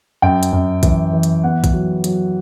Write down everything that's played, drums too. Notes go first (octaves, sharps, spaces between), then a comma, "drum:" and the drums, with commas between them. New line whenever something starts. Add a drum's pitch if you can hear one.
F#2 G5
drum: hi-hat
F#2
E3, drum: kick, hi-hat
E3
drum: hi-hat
B3 F#5
drum: kick, hi-hat
F#3
F#3, drum: hi-hat